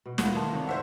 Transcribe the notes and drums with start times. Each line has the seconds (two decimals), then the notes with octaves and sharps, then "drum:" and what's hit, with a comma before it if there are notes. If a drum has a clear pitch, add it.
0.05 B2
0.18 D#2 F3 A#3 D#4 E4 F#5 C#6, drum: snare
0.34 D#3 A4 A5 C6
0.52 C3 D#3 D4 C#5
0.67 C4 F#4 C5 E5 F#5